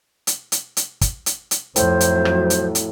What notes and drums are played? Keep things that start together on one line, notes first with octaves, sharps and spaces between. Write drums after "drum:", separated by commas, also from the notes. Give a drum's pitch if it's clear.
drum: hi-hat
drum: hi-hat
drum: hi-hat
drum: kick, hi-hat
drum: hi-hat
drum: hi-hat
F2 A2 F#3 C5, drum: hi-hat
drum: hi-hat
drum: rim click
drum: hi-hat
drum: hi-hat